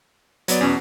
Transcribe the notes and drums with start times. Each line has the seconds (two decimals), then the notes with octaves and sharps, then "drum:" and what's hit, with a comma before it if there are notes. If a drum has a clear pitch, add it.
0.48 F#3 B3 D5, drum: hi-hat
0.61 E2 B2 C#4